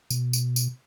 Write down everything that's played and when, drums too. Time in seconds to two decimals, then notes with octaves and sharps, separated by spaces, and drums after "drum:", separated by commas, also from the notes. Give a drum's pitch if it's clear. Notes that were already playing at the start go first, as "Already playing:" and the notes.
0.11 B2, drum: tambourine
0.33 drum: tambourine
0.56 drum: tambourine